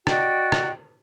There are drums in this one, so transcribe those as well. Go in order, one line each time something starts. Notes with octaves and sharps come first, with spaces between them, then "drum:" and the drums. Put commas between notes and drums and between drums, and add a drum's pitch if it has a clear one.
F#4 D5 D#5 G5, drum: rim click
drum: rim click